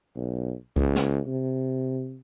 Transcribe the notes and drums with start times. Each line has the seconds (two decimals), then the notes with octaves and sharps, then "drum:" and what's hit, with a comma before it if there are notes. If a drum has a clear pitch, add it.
0.15 B1
0.76 C#2, drum: kick C2
0.96 drum: snare
1.26 C3